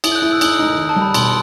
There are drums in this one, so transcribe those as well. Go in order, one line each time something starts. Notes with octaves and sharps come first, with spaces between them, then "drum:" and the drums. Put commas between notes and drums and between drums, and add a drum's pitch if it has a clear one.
E4 D#6, drum: cymbal
G6
F#6
E4
E6
D#4 D#6, drum: cymbal
D#4
D#3
A5
G3
B5
B2 C6, drum: cymbal